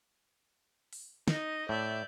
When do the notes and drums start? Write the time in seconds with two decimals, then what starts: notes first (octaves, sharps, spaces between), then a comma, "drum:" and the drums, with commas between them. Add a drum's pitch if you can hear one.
0.93 drum: open hi-hat
1.28 D#4 D#5, drum: snare
1.69 A2 D5 E5 G6